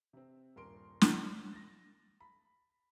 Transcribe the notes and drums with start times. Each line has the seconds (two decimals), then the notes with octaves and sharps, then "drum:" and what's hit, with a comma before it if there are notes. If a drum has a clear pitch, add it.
0.13 C3 C4
0.56 D#1 G2 A#4 C6 D7
1.01 drum: snare
1.22 C#4
1.53 A6 A#6
2.21 B5